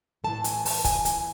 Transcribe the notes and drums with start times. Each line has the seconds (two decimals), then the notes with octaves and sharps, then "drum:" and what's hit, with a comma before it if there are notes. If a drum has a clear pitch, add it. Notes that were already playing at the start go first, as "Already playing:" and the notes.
0.24 A2 E3 A3 A5
0.44 G#5, drum: hi-hat
0.65 A5, drum: open hi-hat
0.85 G#5, drum: kick, hi-hat
1.05 G#5, drum: hi-hat